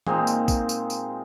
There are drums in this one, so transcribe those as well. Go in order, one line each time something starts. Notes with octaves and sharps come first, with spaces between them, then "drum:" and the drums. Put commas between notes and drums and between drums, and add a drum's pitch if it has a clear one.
A#2 G#3 C4 D#4, drum: tom E3
drum: tambourine
drum: kick A#1, tambourine
drum: tambourine
drum: tambourine